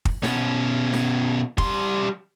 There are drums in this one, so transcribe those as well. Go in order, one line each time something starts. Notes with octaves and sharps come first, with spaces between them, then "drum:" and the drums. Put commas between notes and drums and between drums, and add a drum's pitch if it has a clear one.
drum: kick
B2 C#4, drum: snare
drum: snare
G3 C6, drum: kick